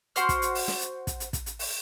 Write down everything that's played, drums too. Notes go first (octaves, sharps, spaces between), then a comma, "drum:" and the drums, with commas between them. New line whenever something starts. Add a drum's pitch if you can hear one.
F#4 C5 F6, drum: hi-hat
drum: kick, hi-hat
drum: hi-hat
drum: open hi-hat
drum: snare
drum: hi-hat
drum: kick, hi-hat
drum: hi-hat
drum: kick, hi-hat
drum: hi-hat
drum: open hi-hat